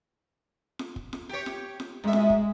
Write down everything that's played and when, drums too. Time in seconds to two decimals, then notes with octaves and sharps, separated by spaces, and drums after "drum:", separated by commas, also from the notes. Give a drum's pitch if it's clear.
0.79 drum: snare F4
0.96 drum: kick
1.13 drum: snare F4
1.29 G4 C#5
1.46 drum: snare F4
1.80 drum: snare F4
2.04 F#2 G#3 E5
2.13 drum: snare F4
2.30 drum: kick